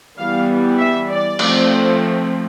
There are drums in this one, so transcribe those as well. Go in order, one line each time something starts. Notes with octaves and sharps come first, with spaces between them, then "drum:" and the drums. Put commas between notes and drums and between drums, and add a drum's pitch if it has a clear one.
E3 G3 B3 F5
E5
D5
F3 A3 C4, drum: cymbal